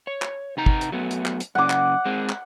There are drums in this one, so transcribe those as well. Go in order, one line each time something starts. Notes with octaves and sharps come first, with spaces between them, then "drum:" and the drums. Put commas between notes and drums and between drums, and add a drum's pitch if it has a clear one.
C#5
drum: clap
C3 D#4 A#5
drum: kick
drum: hi-hat
F#3 A3 B3
drum: hi-hat
drum: clap
drum: hi-hat
F#2 C#3 F#5 D6
drum: clap
G#3 C4
drum: clap